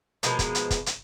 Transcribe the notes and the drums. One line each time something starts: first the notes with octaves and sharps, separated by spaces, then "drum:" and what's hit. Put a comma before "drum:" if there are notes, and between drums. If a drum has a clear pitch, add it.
B2 F3 G#3 A#3, drum: hi-hat
drum: kick, hi-hat
drum: hi-hat
drum: kick, hi-hat
drum: hi-hat